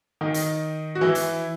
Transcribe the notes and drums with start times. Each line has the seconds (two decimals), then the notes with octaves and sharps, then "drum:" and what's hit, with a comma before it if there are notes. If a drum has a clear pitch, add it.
0.21 D#3 D#4
0.34 drum: hi-hat
0.95 F#4
1.01 E3 E4
1.15 drum: hi-hat